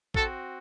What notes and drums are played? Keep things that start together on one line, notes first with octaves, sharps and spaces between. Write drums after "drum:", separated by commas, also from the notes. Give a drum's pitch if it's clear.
C4 F#4 A4, drum: kick A#1